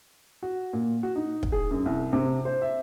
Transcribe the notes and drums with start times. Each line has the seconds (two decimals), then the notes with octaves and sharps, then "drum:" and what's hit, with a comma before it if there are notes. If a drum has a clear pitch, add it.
0.43 F#4
0.73 A#2
1.03 F#4
1.16 D#4
1.43 drum: kick
1.52 G#4
1.71 F#2
1.86 C2
2.13 C3
2.45 C5
2.62 E5